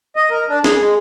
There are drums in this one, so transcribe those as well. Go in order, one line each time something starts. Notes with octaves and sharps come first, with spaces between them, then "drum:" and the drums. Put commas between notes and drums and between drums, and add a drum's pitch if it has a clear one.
D#5
A#4
D4
G#4, drum: snare
G#3